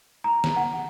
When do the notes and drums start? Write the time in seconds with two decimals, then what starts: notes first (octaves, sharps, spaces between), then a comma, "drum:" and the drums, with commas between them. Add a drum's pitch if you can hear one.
0.24 A#5
0.44 drum: snare
0.56 F#5